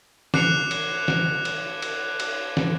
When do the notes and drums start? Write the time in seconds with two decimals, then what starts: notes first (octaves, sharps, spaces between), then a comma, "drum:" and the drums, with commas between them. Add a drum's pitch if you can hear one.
0.34 D6 F#6 C7 C#7 F7, drum: snare
0.71 drum: cymbal
1.08 drum: snare
1.45 drum: cymbal
1.82 drum: cymbal
2.20 drum: cymbal
2.57 drum: snare